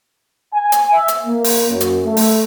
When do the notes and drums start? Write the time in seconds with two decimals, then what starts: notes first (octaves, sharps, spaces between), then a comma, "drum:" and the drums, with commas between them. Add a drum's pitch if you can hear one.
0.54 G#5
0.72 drum: hi-hat
0.92 E5
1.08 drum: hi-hat
1.25 A#3
1.44 drum: open hi-hat
1.70 F#2
1.81 drum: hi-hat
2.06 A3
2.17 drum: open hi-hat